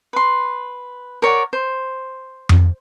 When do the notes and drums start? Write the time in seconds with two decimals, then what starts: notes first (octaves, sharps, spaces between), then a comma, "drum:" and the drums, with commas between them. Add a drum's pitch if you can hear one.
0.13 B4 C6
1.22 A#4 C#5 D5 F#5
1.53 C5
2.49 drum: tom F2